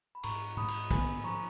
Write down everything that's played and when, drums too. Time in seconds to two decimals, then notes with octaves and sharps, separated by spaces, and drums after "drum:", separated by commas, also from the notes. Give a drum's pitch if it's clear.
0.15 B5
0.23 G#2 A#5 C#6, drum: cymbal
0.57 G#2 B5 D#6
0.68 drum: cymbal
0.91 B3 G#5 B5, drum: kick, cymbal
1.24 F3 A#5 C#6